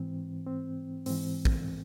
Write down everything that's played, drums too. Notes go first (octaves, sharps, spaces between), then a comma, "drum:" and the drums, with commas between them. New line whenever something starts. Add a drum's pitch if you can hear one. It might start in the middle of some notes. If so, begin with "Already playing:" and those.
Already playing: G#2 E3 C4
C4
G#2 E3 C4, drum: open hi-hat
drum: kick